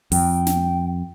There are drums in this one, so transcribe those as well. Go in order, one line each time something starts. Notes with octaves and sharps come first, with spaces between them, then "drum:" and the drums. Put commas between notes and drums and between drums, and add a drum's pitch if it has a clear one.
F2 G5, drum: open hi-hat
drum: snare